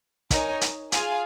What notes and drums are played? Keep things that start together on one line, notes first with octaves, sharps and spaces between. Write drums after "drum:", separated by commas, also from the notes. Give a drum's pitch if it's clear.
D#4 A#4 C#5 G#5, drum: kick, hi-hat
drum: hi-hat
F4 G#4 F5 G#5, drum: hi-hat